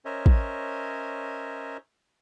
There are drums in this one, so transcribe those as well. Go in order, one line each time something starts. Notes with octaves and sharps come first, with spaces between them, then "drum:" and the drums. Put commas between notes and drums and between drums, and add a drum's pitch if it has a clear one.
C#4 A#4 C5 C#5 D#5 E5
drum: kick